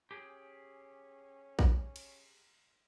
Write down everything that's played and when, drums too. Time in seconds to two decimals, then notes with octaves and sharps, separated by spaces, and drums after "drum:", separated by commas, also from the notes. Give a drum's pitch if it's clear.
0.11 C#4 G4 G#4
1.59 drum: kick
1.96 drum: cymbal